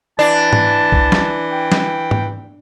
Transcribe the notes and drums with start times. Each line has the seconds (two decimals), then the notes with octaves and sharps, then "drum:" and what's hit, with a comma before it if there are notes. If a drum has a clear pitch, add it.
0.19 E3 D4 A5
0.53 drum: tom G#2
0.92 drum: kick
1.12 drum: snare
1.52 G5
1.72 drum: snare
2.11 drum: tom G#2